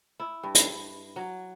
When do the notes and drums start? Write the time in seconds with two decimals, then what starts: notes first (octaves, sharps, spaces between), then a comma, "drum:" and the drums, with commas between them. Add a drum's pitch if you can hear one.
0.20 E4
0.43 G2
0.55 drum: hi-hat
1.16 F#3